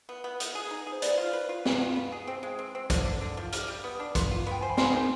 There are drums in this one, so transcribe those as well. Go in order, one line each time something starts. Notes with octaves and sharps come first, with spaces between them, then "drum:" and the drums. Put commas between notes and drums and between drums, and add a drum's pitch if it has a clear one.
B3
B3
B3, drum: hi-hat
G#4
D#4
G#4
C5
B3 D5, drum: hi-hat
F4
B4
F4
B3, drum: snare
F4
B3
G#4
C4 G5
G#3
C4
C4
D3, drum: kick, hi-hat
D3
D3
F3
G3 F6, drum: hi-hat
G3
B3 D#6
D4
B3 C6, drum: kick, hi-hat
F4
B3 G5
C5 G#5
B5
G#3 C6, drum: snare
D#3